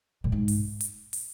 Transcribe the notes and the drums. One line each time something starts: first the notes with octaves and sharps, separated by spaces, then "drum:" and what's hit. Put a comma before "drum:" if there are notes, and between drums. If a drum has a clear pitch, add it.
A#2
G#2
drum: open hi-hat
drum: hi-hat
drum: open hi-hat